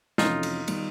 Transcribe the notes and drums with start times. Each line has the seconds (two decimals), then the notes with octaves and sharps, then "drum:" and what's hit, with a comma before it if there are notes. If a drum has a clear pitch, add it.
0.18 F2 C3 E3 A3 C#4 D#4 F4, drum: snare
0.43 drum: cymbal
0.68 D#3 G3 B3, drum: cymbal